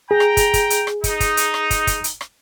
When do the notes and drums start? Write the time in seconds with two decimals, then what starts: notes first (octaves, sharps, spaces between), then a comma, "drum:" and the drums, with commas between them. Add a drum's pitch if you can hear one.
0.11 G#4 G5 A#5
0.20 drum: rim click
0.37 drum: kick, hi-hat
0.54 drum: kick, hi-hat
0.70 drum: hi-hat
0.87 drum: rim click
1.04 D#4, drum: kick, hi-hat
1.20 drum: kick, hi-hat
1.37 drum: hi-hat
1.54 drum: rim click
1.70 drum: kick, hi-hat
1.87 drum: kick, hi-hat
2.04 drum: hi-hat
2.21 drum: rim click